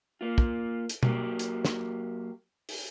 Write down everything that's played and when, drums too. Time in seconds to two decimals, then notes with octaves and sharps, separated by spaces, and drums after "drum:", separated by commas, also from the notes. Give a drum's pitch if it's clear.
0.21 A#3 F4
0.38 drum: kick
0.89 drum: hi-hat
1.03 F#3 A#3 G4, drum: tom B2
1.39 drum: hi-hat
1.65 drum: snare
2.69 drum: open hi-hat